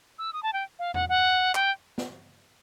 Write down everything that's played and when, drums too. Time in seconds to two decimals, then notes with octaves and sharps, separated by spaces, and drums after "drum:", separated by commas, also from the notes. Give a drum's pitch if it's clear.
0.18 E6
0.33 D#6
0.43 A5
0.53 G5
0.79 F5
0.94 F#5, drum: tom E2
1.09 F#5
1.55 G5, drum: clap
1.98 drum: snare